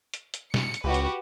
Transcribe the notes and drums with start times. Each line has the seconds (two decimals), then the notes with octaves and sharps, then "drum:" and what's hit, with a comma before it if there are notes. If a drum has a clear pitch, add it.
0.14 drum: hi-hat
0.34 drum: hi-hat
0.54 C#7, drum: snare
0.74 drum: hi-hat
0.84 C#2 F#4 G4 B4
0.94 drum: hi-hat